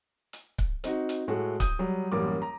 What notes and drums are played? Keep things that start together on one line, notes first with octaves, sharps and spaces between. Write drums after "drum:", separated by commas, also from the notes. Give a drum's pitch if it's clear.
drum: hi-hat
drum: kick C#1
C4 D#4 F#4, drum: hi-hat
drum: hi-hat
A2 G#3 A3 F#4
D#6 G6, drum: kick C#1, hi-hat
F#3 G3
A1 F#2 G3 A#3 D6
A#5